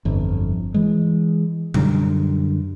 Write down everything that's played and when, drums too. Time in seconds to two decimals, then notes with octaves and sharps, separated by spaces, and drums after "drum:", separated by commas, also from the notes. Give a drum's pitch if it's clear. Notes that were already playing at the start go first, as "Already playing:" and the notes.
0.05 G1 F2
0.74 E3 G#3
1.74 F#2 D3 G3, drum: tom B2